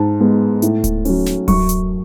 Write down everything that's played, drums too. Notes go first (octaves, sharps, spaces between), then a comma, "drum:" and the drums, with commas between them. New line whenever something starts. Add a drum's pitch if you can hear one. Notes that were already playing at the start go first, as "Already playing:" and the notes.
Already playing: G#2 A5
G#3 B3
A2, drum: hi-hat
drum: kick D1, hi-hat
F#3 C#4, drum: open hi-hat
drum: snare
F#2 C#6, drum: kick D1, open hi-hat
drum: hi-hat